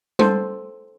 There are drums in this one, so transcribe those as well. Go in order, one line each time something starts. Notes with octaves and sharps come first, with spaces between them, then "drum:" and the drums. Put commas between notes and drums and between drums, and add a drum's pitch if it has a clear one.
A4 C5, drum: tom G3